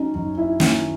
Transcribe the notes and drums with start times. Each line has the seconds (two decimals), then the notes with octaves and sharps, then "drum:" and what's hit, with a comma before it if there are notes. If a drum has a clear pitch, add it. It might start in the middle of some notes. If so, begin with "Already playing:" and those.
Already playing: F#3 C#4 D#4
0.15 F#2 D#4
0.38 E4
0.60 D#3 C#4, drum: snare